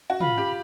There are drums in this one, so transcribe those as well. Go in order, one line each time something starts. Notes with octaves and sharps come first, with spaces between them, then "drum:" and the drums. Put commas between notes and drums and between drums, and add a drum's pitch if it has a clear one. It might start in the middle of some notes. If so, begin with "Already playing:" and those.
F#4
F4 B5, drum: tom
G4